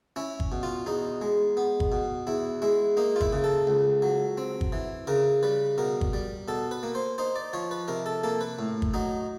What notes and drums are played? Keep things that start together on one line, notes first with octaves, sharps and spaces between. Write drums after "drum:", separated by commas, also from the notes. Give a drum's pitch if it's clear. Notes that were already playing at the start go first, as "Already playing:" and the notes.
C#4 E4
drum: kick G1
B2
F4
E2 D#4
G#3
B3
drum: kick G1
B2
E2 E4
G#3 E4
A#3 D#4
F4
E4, drum: kick G1
C#3
A4
C#2
F#3
C4
drum: kick G1
E3
C#3 A#4
G3 B4
B2 A#4
drum: kick G1
G3
B2 A4
B4
A#3
C5
D#4 C5
D5
F3 C#5
B4
C3 A#4
A4
A#3 A4
B4
A2
drum: kick G1
F#3 D#4